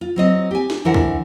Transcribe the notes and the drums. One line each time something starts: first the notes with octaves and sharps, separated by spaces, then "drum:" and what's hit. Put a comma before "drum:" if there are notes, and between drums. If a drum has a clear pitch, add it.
F4
F#3 C4 D#5
G4 G#5
drum: snare
D3 E3 A#4 C5 E5 F#5
drum: kick C2